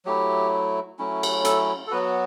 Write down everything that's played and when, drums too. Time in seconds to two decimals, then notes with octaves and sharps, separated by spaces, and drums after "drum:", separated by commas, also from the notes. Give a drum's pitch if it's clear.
0.05 F#3 A3 E4 G4
0.99 F#3 A3 C#4 E4
1.23 drum: cymbal
1.45 A4, drum: hi-hat
1.87 A4
1.91 F#3 B3 F#4 B4